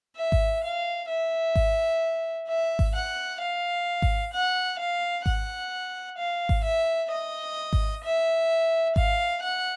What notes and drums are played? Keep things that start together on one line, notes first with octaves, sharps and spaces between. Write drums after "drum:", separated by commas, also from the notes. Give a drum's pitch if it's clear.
E5
drum: kick G#1
F5
E5
drum: kick G#1
E5
drum: kick G#1
F#5
F5
drum: kick G#1
F#5
F5
F#5, drum: kick G#1
F5
drum: kick G#1
E5
D#5
drum: kick G#1
E5
F5, drum: kick G#1
F#5